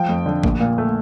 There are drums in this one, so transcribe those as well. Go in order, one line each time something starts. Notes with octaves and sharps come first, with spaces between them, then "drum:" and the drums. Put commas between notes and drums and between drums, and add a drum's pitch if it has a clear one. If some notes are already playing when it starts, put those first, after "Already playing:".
Already playing: F3 G5
F2
D3
A#1, drum: kick A1
A#2
A3